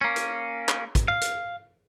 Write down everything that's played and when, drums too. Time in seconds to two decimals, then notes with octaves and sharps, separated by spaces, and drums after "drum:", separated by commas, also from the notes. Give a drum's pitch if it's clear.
0.01 A#3 C#4
0.16 drum: hi-hat
0.69 drum: clap
0.95 drum: kick, hi-hat
1.08 F5
1.21 drum: hi-hat